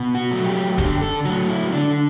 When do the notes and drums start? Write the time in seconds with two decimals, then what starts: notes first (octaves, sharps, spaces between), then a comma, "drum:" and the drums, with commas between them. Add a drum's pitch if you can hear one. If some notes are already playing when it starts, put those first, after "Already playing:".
Already playing: B2
0.15 F#4
0.31 F#3 A3
0.46 G4
0.78 D3 G4, drum: kick D#1, hi-hat
1.02 A4
1.25 F#3 A3 F#4
1.49 E4
1.73 D3 D4